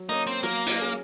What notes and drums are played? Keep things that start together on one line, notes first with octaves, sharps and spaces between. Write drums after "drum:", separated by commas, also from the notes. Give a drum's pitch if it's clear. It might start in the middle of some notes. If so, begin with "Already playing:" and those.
Already playing: F#3
A#3 C#4 D#4
C4
F#3 A#3
drum: hi-hat
C#4 G#4